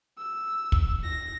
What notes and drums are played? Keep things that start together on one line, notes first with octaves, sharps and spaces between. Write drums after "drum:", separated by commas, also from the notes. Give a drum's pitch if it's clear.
E6
drum: kick
A#6